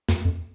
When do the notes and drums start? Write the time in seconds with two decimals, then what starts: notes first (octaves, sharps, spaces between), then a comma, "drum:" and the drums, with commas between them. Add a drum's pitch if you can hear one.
0.09 F2, drum: snare
0.25 F2